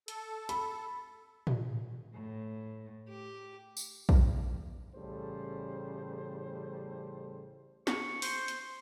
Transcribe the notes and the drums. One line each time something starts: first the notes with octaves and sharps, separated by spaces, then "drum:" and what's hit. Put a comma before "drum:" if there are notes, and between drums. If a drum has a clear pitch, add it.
A4, drum: hi-hat
B5, drum: hi-hat
drum: tom A2
A2
G4
drum: tambourine
drum: kick A#1
A1 A2 C#3 G3 A4 C5
C#6, drum: snare
C5 C6, drum: open hi-hat
drum: hi-hat